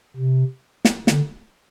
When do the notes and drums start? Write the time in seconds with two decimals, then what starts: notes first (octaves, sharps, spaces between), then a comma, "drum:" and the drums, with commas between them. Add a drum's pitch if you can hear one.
0.16 C3
0.85 drum: snare
1.07 D3, drum: snare